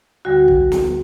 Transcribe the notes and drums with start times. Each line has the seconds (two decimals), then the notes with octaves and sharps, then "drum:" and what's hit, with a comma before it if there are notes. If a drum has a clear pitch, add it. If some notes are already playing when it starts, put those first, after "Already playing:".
0.25 D2 D3 G3 F#4
0.48 drum: kick
0.72 drum: snare